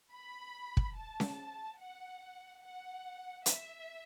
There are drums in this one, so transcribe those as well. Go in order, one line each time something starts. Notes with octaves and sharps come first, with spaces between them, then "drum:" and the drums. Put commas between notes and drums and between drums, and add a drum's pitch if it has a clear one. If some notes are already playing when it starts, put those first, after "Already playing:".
B5
drum: kick
A5
drum: snare C#4
F#5
F#5
E5, drum: hi-hat